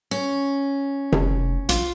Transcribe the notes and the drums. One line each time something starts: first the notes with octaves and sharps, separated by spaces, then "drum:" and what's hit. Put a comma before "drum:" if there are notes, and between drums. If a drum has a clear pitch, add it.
C#4
F1, drum: tom C3
A#1 F4, drum: hi-hat